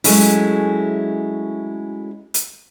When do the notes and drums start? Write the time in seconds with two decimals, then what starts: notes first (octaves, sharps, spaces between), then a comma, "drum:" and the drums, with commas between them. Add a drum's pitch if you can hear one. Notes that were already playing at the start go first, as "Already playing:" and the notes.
0.04 F#3 G#3 A3 C#4 E4, drum: open hi-hat
2.34 drum: hi-hat